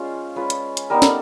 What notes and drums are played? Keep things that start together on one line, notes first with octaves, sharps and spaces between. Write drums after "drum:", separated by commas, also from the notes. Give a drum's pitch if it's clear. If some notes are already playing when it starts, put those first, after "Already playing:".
Already playing: G#3 C#4 F4 C5
G#3 C#4 F4 B4
drum: hi-hat
drum: hi-hat
G3 B3 D#4 A#4
A4, drum: snare